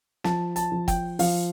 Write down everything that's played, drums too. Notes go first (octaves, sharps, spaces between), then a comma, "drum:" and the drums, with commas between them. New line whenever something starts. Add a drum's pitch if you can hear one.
F3 A5, drum: snare
A5, drum: hi-hat
F3
G5, drum: kick G1, hi-hat
F3 F5, drum: open hi-hat